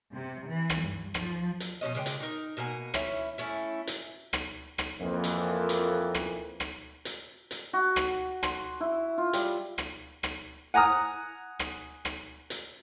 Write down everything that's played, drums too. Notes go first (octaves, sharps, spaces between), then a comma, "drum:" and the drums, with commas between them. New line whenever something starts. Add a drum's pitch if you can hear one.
C3
E3
drum: rim click
G2
F3, drum: rim click
drum: hi-hat
B2 F#3 C#4 D#5
C#3 G#3 D5 G5
drum: hi-hat
D#4 A#4
B2 A#3 F#5 G#5
E3 C#4 E4, drum: rim click
A3 C#4 E4
drum: hi-hat
drum: rim click
drum: rim click
F2 E3 A#3
drum: hi-hat
drum: hi-hat
drum: rim click
drum: rim click
drum: hi-hat
drum: hi-hat
F#4
drum: rim click
C6, drum: rim click
E4
F4
G3, drum: hi-hat
drum: rim click
drum: rim click
F#5 G#5 A#5 D#6 F6
drum: rim click
drum: rim click
drum: hi-hat